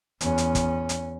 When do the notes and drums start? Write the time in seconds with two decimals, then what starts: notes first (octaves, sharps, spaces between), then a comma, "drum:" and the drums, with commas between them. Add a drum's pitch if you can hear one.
0.21 E2 C#4, drum: hi-hat
0.38 drum: hi-hat
0.55 drum: kick, hi-hat
0.89 drum: hi-hat